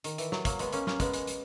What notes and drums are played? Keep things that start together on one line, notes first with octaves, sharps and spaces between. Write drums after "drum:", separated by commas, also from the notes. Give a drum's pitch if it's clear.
D#3, drum: hi-hat
E3, drum: hi-hat
F#3, drum: snare
F#3 A#3, drum: kick, hi-hat
G#3 B3, drum: hi-hat
A#3 C#4, drum: hi-hat
A#3 C#4, drum: snare
G#3 B3, drum: kick, hi-hat
G#3, drum: hi-hat
drum: hi-hat